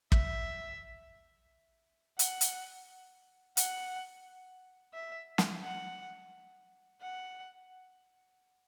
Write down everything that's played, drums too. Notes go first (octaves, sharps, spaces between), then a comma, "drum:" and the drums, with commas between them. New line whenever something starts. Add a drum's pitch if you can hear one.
E5, drum: kick
F#5, drum: hi-hat
drum: hi-hat
F#5, drum: hi-hat
E5
drum: snare
F#5
F#5